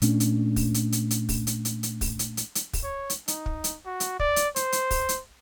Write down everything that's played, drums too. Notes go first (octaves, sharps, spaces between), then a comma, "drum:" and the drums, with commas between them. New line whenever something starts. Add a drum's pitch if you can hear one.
A#2 A3 C#4 D4, drum: hi-hat
drum: hi-hat
drum: kick, open hi-hat
drum: hi-hat
drum: hi-hat
drum: hi-hat
drum: kick, open hi-hat
drum: hi-hat
drum: hi-hat
drum: hi-hat
drum: kick, open hi-hat
drum: hi-hat
drum: hi-hat
drum: hi-hat
drum: kick, open hi-hat
C#5
drum: hi-hat
D#4, drum: hi-hat
drum: kick
drum: hi-hat
F#4
drum: hi-hat
D5, drum: kick
drum: hi-hat
C5, drum: hi-hat
drum: hi-hat
drum: kick, open hi-hat
drum: hi-hat